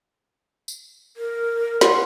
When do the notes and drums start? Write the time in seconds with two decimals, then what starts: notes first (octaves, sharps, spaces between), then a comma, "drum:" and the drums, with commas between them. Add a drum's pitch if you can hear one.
0.68 drum: tambourine
1.17 A#4
1.81 F#5 C6, drum: snare